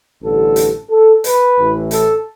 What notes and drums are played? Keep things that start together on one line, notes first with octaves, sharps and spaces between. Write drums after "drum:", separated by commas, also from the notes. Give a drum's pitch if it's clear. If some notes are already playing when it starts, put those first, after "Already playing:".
A1 G2 D3 A4
drum: hi-hat
A4
B4, drum: hi-hat
A1 A2 E3
A4, drum: hi-hat